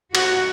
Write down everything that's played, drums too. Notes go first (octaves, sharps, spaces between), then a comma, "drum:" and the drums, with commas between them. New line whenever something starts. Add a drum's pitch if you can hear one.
F#4, drum: cymbal